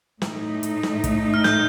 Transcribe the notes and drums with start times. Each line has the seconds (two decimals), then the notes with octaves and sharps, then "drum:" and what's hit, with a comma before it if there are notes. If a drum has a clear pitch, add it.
0.22 A2 A3 D#4, drum: snare
0.63 drum: hi-hat
0.83 drum: snare
1.04 drum: kick, hi-hat
1.34 F6
1.44 G6, drum: snare